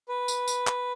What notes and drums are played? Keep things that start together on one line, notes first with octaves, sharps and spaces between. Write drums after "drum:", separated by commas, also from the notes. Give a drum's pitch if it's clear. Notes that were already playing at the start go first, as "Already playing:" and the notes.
B4
drum: tambourine
drum: tambourine
drum: clap